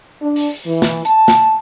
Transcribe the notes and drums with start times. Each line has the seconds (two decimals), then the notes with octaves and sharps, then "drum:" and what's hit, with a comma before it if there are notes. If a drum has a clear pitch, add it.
0.21 D4
0.36 drum: open hi-hat
0.64 E3
0.82 drum: snare
1.05 A5, drum: hi-hat
1.28 drum: snare